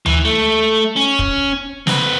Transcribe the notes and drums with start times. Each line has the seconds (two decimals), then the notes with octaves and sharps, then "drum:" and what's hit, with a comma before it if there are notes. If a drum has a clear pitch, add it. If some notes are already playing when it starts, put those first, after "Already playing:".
0.06 E3, drum: tom D2
0.25 A3
0.96 C#4
1.19 drum: kick
1.87 C4 B4, drum: snare